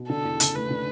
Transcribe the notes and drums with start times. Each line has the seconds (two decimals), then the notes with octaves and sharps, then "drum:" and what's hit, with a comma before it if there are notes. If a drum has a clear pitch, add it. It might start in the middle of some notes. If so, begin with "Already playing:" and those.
Already playing: B2
0.09 D3 A4
0.25 E2
0.40 F#1, drum: hi-hat
0.55 A3 B4
0.70 D3